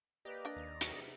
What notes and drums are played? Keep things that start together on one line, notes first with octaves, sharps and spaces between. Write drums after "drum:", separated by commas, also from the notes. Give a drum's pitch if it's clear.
A#3 G4 B4 D5 D#5 A#5
D4 G5
D#2
E2 G#2 C3 F#3 F#4, drum: hi-hat